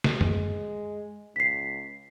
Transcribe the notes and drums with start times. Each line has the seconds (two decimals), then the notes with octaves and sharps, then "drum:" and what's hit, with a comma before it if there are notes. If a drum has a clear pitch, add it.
0.04 drum: snare
0.21 G#3, drum: tom F#2
1.36 C#2 B6 C7